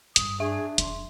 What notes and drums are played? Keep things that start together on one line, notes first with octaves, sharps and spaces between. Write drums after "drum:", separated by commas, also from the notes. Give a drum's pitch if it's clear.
G2 D#6, drum: hi-hat
D4 G#4 E5
E1 F2 C6, drum: hi-hat